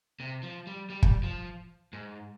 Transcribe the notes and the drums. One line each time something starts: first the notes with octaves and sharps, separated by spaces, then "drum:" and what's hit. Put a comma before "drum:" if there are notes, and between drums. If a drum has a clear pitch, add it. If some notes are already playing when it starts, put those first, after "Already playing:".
C3
F3
G3
G3
drum: kick
F3
G#2